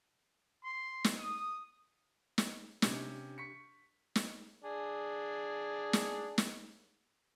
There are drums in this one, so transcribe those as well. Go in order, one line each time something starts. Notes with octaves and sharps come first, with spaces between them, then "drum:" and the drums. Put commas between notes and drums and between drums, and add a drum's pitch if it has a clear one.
C6
drum: snare
D#6
drum: snare
C3 C#4 D4 G4, drum: snare
C#6 B6 C#7
drum: snare
D4 G#4
drum: snare
drum: snare